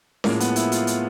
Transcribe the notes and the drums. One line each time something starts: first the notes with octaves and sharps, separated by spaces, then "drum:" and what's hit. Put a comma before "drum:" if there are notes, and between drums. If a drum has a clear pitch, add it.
A2 F3 G#3 A#3, drum: snare C#4
B3, drum: hi-hat
E4, drum: hi-hat
F4, drum: hi-hat
drum: hi-hat